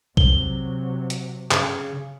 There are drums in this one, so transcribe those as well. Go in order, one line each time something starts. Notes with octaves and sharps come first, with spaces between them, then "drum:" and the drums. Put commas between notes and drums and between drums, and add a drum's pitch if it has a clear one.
C3 F#3 G7, drum: kick
drum: hi-hat
C#3, drum: clap